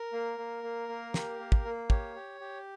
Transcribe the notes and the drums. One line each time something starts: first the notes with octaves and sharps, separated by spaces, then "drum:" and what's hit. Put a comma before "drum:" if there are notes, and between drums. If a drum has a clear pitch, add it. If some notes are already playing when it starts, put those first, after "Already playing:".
Already playing: A#4
A#3
A#3
A#3
A#3
G4, drum: snare
A#3
drum: kick
A#3
G4 C#5, drum: kick
G4
G4